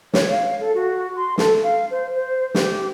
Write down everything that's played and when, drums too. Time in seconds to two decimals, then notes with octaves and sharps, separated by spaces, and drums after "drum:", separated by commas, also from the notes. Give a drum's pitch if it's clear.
0.14 C#5, drum: snare
0.31 F5
0.60 A4
0.75 F#4
1.17 C6
1.38 A4, drum: snare
1.63 F5
1.91 C5
2.15 C5
2.55 G4, drum: snare